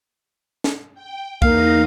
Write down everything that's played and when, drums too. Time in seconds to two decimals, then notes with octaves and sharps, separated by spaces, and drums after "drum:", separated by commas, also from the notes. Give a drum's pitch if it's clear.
0.64 drum: snare
0.94 G5
1.42 E2 A#3 D#4 F5 A#6, drum: kick